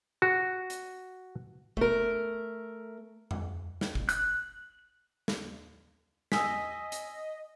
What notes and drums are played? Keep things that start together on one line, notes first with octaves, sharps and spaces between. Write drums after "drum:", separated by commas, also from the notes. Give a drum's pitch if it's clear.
F#4
drum: hi-hat
A3 A#4, drum: kick
drum: tom F2
drum: snare
drum: kick
F#6, drum: hi-hat
drum: snare
D#5 G#5 D#6 E6 B6, drum: snare
drum: hi-hat